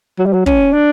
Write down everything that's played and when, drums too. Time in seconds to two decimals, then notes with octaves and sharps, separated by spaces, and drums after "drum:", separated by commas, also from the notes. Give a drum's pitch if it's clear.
0.19 F#3
0.26 G3
0.33 F#3
0.46 C#4, drum: kick
0.73 D4